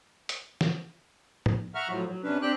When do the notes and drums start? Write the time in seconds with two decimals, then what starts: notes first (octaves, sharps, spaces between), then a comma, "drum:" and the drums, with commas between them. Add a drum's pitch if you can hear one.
0.29 drum: hi-hat
0.61 drum: snare E3
1.46 drum: tom A2
1.75 E5 F#5 A#5 C#6 F6
1.89 A2 F3 F#3
2.07 F#3
2.23 C3 C#4 D4 B4
2.42 C4 D4 G4 G5 F#6